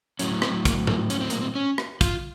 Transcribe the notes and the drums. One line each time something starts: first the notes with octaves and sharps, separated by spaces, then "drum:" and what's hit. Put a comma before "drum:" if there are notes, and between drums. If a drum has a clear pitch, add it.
A2 F#3 C#4, drum: hi-hat
C4, drum: rim click
A#3, drum: kick, hi-hat
A#3, drum: tom G#2
C#4, drum: hi-hat
C4
A#3, drum: hi-hat
C4
C#4
drum: rim click
F4, drum: kick, hi-hat